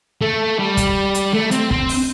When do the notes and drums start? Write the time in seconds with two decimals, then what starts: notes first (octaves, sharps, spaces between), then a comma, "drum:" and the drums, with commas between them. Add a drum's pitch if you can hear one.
0.21 A3
0.59 G3
0.77 drum: kick, hi-hat
1.14 drum: hi-hat
1.34 A3
1.51 C4, drum: hi-hat
1.71 C4, drum: kick
1.89 drum: open hi-hat